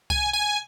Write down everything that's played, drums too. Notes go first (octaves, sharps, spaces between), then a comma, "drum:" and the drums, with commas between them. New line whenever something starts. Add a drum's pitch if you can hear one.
G#5, drum: kick C2
G#5